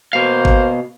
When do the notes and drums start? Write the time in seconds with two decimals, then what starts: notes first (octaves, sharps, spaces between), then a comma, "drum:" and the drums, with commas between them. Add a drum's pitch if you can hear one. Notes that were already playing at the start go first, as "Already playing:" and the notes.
0.13 B2 A#3 F#4 C5 F5
0.45 drum: kick G1